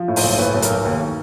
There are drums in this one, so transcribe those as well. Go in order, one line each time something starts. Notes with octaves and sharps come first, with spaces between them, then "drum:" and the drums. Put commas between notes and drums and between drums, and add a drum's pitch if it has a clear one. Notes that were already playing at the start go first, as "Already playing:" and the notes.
Already playing: F3
A2
C5, drum: open hi-hat
B1
A2 B4
B1
A#4, drum: hi-hat
B1
D#2